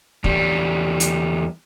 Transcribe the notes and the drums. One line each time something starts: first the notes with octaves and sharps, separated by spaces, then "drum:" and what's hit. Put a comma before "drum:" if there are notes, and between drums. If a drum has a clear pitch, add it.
E2 G3, drum: kick
drum: hi-hat